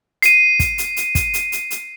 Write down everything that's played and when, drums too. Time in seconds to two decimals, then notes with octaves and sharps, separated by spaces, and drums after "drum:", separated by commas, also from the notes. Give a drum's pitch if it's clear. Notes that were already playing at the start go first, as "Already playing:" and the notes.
0.22 C7 D#7, drum: hi-hat
0.60 drum: kick, hi-hat
0.78 drum: hi-hat
0.97 drum: hi-hat
1.15 drum: kick, hi-hat
1.34 drum: hi-hat
1.52 drum: hi-hat
1.71 drum: hi-hat